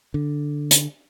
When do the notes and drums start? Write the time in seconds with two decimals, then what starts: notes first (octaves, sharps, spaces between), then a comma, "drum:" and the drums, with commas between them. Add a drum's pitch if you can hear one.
0.14 D3
0.71 drum: hi-hat